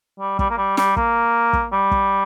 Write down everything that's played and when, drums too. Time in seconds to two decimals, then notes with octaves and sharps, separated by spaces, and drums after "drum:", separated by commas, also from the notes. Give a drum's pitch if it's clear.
0.19 G3
0.39 G3, drum: kick
0.50 A#3
0.58 G3
0.77 G3, drum: snare
0.97 A#3, drum: kick
1.53 drum: kick
1.72 G3
1.91 drum: kick